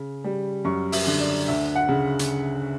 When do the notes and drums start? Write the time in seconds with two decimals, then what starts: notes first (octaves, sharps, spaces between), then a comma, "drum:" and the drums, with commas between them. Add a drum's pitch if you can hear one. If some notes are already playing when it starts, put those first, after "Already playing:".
Already playing: C#3
0.24 G3
0.65 F#2 C#6
0.92 E5, drum: open hi-hat
1.07 D3
1.20 D5
1.48 D2 E5
1.76 F#5
1.89 C#3
2.19 drum: hi-hat